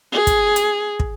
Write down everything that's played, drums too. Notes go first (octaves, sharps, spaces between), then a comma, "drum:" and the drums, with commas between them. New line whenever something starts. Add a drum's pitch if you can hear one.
G#4
drum: kick, hi-hat
drum: hi-hat
drum: kick